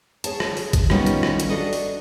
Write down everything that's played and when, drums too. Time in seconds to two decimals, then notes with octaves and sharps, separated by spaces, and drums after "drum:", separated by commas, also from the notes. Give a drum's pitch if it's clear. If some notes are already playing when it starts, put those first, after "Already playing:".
0.24 G#4 C#5 A5, drum: hi-hat
0.40 drum: rim click
0.57 drum: open hi-hat
0.73 drum: kick G#1, hi-hat
0.90 D#3 G3 B3 C#4 F4, drum: rim click
1.06 drum: hi-hat
1.23 drum: rim click
1.40 drum: hi-hat
1.50 D4 F#4 A4 D#5
1.73 drum: open hi-hat